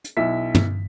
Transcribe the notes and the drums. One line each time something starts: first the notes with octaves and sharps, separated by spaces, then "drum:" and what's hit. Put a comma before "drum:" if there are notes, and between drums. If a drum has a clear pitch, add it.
drum: hi-hat
B1 E4 E5 B6
drum: tom